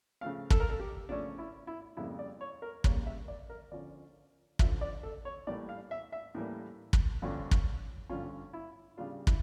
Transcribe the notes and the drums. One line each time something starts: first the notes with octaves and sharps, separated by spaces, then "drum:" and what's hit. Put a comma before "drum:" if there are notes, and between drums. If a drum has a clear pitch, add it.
C#3 F3 A3 C#4 F5
A4, drum: kick
A#4
A4
G4
C#3 F3 A3 C#4 D4
E4
E4
F2 C#3 G3 A#3 E4
D5
C#5
A#4
F2 C#3 G3 A#3 C#5, drum: kick
E5
D5
A#4
D3 F3 C#4 D5
D3 F3 C#4 E5, drum: kick
D5
A4
C#5
A2 E3 G3 A#3 D5
F5
E5
E5
A2 E3 G3 A#3
drum: kick
G2 D3 F3 C#4
drum: kick
G2 D3 F3 C#4 F4
E4
C#3 G3 D4 F4
E4, drum: kick